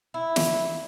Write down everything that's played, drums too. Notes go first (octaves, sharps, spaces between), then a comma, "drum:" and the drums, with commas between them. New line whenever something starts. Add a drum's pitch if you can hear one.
E4
drum: snare